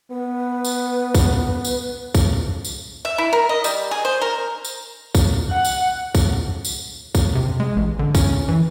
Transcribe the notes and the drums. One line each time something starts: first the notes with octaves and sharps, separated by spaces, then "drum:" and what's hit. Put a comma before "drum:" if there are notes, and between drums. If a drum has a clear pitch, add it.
B3 B4
drum: tambourine
drum: kick, tambourine
drum: tambourine
drum: kick, tambourine
drum: tambourine
E5
E4
A#4
D#5
G3, drum: tambourine
G#4
C5
A#4
drum: tambourine
drum: kick, tambourine
F#5
drum: tambourine
drum: kick, tambourine
drum: tambourine
drum: kick, tambourine
C3
G#3
A1
D3
C#4, drum: kick, tambourine
E3